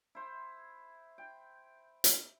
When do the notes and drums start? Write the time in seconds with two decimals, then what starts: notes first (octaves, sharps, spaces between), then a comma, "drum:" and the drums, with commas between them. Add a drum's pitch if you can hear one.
0.15 E4 C5
1.18 G5
2.04 drum: hi-hat